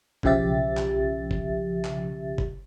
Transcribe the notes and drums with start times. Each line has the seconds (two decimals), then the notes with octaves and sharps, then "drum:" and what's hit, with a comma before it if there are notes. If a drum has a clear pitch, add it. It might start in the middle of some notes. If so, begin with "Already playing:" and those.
0.23 B1 C#3 F3 G4 E5 A6, drum: kick G1
0.77 drum: clap
1.31 drum: kick G1
1.85 drum: clap
2.38 drum: kick G1